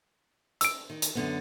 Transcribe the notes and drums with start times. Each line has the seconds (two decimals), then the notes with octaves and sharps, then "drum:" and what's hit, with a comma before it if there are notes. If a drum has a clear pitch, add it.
0.61 E6 D7, drum: hi-hat
0.90 D#3
1.02 drum: hi-hat
1.15 F#2 D3 B3